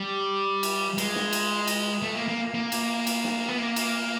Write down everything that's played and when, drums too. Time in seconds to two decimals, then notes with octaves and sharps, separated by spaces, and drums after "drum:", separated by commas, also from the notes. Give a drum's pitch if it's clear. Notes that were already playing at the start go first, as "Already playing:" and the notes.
Already playing: G3
0.63 drum: cymbal
0.98 G#3, drum: cymbal
1.15 drum: snare
1.33 drum: cymbal
1.67 drum: cymbal
2.02 A3
2.15 A#3
2.28 A#3
2.54 A#3
2.72 drum: cymbal
3.07 drum: cymbal
3.24 drum: snare
3.48 B3
3.58 A#3
3.76 drum: cymbal